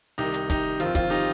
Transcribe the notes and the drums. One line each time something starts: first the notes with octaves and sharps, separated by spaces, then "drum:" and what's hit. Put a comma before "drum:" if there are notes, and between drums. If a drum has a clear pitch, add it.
C2 C3 D#3 D#4 G4
drum: hi-hat
D#4 G4, drum: kick, hi-hat
G1 F2 D#3 C4 F4, drum: hi-hat
C4 F4, drum: kick, hi-hat
D#4 G4